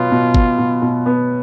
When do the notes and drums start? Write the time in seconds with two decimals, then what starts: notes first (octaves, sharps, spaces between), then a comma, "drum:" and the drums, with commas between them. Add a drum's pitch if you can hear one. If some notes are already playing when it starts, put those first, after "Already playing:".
Already playing: B2 F#3 B3 F4
0.11 B2
0.34 B2, drum: kick G1
0.58 B2
0.82 B2
1.06 B3